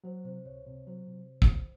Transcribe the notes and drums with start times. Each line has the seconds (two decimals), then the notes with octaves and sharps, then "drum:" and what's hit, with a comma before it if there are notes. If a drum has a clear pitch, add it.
0.04 F#3 C5
0.24 C3 C5
0.45 C#2 C#5
0.66 C3
0.87 F#3 C5
1.07 C3
1.42 drum: kick